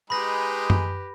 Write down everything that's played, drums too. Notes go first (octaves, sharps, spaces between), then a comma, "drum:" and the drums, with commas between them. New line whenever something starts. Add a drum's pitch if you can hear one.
G#3 D#4 G4 G#4 B4 B5 A#6
drum: tom F#2